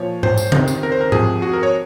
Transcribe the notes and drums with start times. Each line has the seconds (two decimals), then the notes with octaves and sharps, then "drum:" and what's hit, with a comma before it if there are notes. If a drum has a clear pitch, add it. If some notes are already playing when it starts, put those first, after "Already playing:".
Already playing: A#2 F3 C#5
0.23 C5, drum: tom G#2
0.38 drum: tambourine
0.52 C3 D#3, drum: tom C#3
0.68 drum: tambourine
0.83 A#4
0.92 C5
1.01 A#4
1.12 C3 F3 G#4, drum: tom G#2
1.42 F#4
1.53 A#4
1.63 C#5